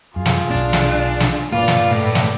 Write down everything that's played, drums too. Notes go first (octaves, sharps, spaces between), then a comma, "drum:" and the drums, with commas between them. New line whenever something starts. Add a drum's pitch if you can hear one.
F#2 F4 G#4
drum: snare
B1 B2 D4
drum: snare
drum: snare
G2 A#2 A#3 F4 B4 D5
drum: snare
A2
drum: snare